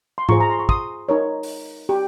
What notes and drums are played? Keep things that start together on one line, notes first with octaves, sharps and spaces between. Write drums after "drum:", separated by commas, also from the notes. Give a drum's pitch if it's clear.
C6
F4 G#4 C5 A#5 C#6, drum: tom G#2
A#5
C6
C#6
C6 D#6, drum: kick
D#4 A#4 C#5
drum: open hi-hat
G4